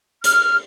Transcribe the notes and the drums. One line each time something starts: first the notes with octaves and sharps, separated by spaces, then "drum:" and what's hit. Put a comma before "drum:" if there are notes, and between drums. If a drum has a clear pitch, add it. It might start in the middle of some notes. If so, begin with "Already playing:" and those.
F6, drum: hi-hat